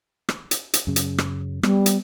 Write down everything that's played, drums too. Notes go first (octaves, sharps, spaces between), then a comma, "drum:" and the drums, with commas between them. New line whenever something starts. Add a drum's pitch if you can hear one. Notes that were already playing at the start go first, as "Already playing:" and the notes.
drum: rim click
drum: hi-hat
drum: hi-hat
F#2 C#3
drum: hi-hat
drum: rim click
G3 B3, drum: rim click
drum: hi-hat